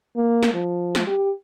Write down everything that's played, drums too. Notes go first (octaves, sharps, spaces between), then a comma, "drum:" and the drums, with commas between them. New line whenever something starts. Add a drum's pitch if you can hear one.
A#3
drum: snare
F3
drum: snare
G4